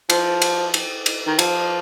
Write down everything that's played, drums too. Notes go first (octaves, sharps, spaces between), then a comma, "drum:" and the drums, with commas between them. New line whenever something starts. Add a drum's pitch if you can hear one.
F3, drum: cymbal
drum: cymbal
drum: cymbal
drum: cymbal
D#3
F3, drum: cymbal